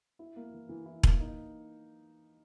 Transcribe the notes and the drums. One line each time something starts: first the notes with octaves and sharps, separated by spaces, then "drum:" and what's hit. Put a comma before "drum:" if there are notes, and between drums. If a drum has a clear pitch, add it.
E4
A#3
E3
E3
E4
A#3, drum: kick E1
D#4